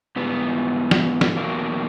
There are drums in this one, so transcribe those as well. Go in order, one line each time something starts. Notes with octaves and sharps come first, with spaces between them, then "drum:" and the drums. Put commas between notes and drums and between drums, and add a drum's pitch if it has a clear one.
G#2 E3 G3 B3
drum: snare
drum: snare
E2 B2 F#3 A#3